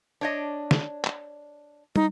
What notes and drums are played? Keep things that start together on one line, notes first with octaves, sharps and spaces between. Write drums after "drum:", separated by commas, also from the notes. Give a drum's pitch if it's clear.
D4 C#5 D#5
drum: snare
drum: clap
D#4, drum: tom